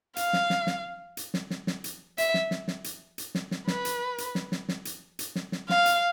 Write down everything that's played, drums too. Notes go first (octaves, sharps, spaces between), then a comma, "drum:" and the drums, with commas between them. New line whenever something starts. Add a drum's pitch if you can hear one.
F5, drum: hi-hat
drum: snare
drum: snare
drum: snare
drum: hi-hat
drum: snare
drum: snare
drum: snare
drum: hi-hat
E5, drum: hi-hat
drum: snare
drum: snare
drum: snare
drum: hi-hat
drum: hi-hat
drum: snare
drum: snare
B4, drum: snare
drum: hi-hat
drum: hi-hat
drum: snare
drum: snare
drum: snare
drum: hi-hat
drum: hi-hat
drum: snare
drum: snare
F5, drum: snare
drum: hi-hat